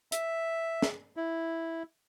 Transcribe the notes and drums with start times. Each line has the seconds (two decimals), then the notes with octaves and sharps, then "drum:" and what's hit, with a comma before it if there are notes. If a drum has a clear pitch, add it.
0.12 E5, drum: hi-hat
0.82 drum: snare
1.16 E4